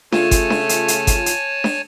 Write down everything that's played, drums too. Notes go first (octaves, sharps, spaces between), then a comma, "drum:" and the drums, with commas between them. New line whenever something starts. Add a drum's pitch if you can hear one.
C#3 A3 F4 C#5 G#5 A5, drum: snare D4
drum: kick G1, hi-hat
drum: snare D4
drum: hi-hat
drum: hi-hat
drum: kick G1, hi-hat
drum: hi-hat
drum: snare D4